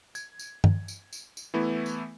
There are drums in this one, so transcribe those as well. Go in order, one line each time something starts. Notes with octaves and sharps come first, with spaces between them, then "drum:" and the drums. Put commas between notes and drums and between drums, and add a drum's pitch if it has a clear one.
G#6, drum: tambourine
drum: tambourine
drum: tom G2
drum: tambourine
drum: tambourine
drum: tambourine
E3 A3 B3 E4
drum: tambourine